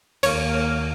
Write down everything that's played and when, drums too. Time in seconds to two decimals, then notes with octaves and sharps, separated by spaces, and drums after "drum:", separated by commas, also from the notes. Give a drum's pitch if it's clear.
0.23 D#2 A#3 C#5, drum: cymbal